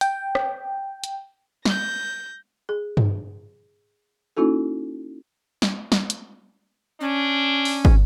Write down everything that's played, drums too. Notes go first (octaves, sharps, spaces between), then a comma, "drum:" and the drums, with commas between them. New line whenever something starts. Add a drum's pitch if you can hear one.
G5, drum: hi-hat
drum: rim click
drum: hi-hat
G6 A#6, drum: snare
G#4
drum: tom G2
A#3 C#4 D#4 E4 F#4 A4
drum: snare
drum: snare
drum: hi-hat
C#4 D4
drum: open hi-hat
drum: kick